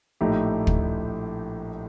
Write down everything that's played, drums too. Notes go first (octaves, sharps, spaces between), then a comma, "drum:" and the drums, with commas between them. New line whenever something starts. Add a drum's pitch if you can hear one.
A#1 A2 A3 D#4 G4
drum: kick